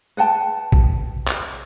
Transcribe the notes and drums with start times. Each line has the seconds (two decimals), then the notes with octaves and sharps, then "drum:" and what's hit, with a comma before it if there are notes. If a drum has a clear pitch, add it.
0.17 B4 F#5 G5 A5
0.72 drum: kick
1.28 drum: clap